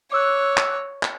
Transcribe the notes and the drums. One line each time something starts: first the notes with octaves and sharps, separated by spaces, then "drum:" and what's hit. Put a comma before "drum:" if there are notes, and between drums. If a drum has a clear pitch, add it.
C#5 D6 E6 F#6
drum: clap
drum: clap